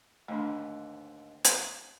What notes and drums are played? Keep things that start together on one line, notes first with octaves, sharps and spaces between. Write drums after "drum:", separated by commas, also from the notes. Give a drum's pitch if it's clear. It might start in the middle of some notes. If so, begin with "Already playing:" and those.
D#2 G#2 D3 A3 D4
drum: hi-hat